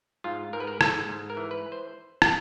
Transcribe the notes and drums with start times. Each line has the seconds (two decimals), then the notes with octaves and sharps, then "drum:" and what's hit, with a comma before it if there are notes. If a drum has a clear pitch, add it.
0.24 G#2 F4
0.53 G#2 A#4
0.60 B4
0.67 A#4
0.81 G#2 A4, drum: rim click
1.09 G#2
1.30 A#4
1.37 E3
1.51 B4
1.72 C5
2.22 drum: rim click